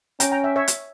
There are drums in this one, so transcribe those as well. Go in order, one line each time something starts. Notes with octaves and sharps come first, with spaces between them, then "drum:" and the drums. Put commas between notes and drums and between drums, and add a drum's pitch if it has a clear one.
C#4 G5 A#5, drum: hi-hat
G5 A#5
E5 G5
C#5 E5
drum: hi-hat